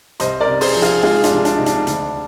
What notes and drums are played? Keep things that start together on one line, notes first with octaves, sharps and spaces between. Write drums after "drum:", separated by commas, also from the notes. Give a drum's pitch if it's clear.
C2 C5 D#5, drum: hi-hat
A#4 D5
C3
G#4 C5, drum: open hi-hat
F3
F4 G#4, drum: hi-hat
G#3 F4 G#4
D4 F4, drum: hi-hat
C2
D4, drum: hi-hat
C3 D#4
D4, drum: hi-hat
D2, drum: hi-hat